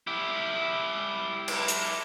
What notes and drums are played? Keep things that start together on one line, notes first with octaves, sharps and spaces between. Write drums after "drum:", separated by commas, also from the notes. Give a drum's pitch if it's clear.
E4 G4
drum: cymbal
drum: hi-hat